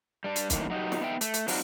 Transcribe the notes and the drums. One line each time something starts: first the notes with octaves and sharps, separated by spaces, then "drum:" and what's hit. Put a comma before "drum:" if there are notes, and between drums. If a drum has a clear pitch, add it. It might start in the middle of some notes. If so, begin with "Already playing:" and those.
G3 D4
drum: hi-hat
F#2 A2 D#3 A#3, drum: kick, hi-hat
F#3 D#4 E4 G4
drum: snare
B3 D#4 E5 G5
A3, drum: hi-hat
drum: hi-hat
G3 C4 D4 D#4 F4 F#4, drum: open hi-hat